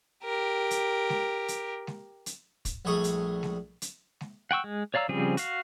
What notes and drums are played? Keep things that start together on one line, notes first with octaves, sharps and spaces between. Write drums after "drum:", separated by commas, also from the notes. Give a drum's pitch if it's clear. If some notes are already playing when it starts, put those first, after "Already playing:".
G4 A#4
drum: hi-hat
drum: snare G#3
drum: hi-hat
drum: snare G#3
drum: hi-hat
drum: kick, hi-hat
A#1 G3 A3 G#4 C#6 D#6
drum: hi-hat
drum: snare G#3
drum: hi-hat
drum: snare G#3
F#5 G5 C#6 E6
G#3
C#5 D5 F5 A#5 E6
C#3 F3 G3 C4 G#4
F#4 F5, drum: hi-hat